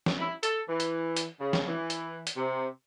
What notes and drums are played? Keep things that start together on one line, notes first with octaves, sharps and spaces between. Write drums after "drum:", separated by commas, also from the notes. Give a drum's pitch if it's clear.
drum: snare
E4
A4, drum: hi-hat
E3
drum: hi-hat
drum: hi-hat
C#3
drum: snare
E3
drum: hi-hat
drum: hi-hat
C3